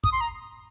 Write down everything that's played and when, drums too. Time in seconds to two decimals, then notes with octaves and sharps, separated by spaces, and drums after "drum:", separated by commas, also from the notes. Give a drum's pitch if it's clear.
0.04 D#6, drum: kick
0.12 C6
0.21 A#5